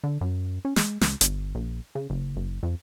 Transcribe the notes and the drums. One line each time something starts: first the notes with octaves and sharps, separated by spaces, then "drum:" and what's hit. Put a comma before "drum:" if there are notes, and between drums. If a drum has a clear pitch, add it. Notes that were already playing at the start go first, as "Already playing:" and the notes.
D3
F#2
C#4
G#3, drum: snare
C#2, drum: snare
G1, drum: hi-hat
A#1
C#3
F#1
F#1
F2